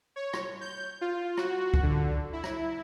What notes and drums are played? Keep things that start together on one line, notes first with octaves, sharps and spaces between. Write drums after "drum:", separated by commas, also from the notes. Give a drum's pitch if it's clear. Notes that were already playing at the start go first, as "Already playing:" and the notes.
C#5
drum: rim click
G6
F4
F#4, drum: rim click
drum: kick C#2
D3
E4
drum: rim click